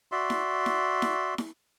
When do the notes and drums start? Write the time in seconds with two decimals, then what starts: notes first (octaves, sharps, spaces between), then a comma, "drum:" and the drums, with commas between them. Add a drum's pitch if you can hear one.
0.12 F#4 D5 E5 C6
0.30 drum: snare E4
0.66 drum: snare E4
1.02 drum: snare E4
1.38 drum: snare E4